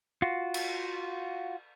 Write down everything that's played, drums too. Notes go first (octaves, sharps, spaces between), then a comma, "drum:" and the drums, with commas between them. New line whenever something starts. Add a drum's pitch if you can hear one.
F4 F#4
drum: cymbal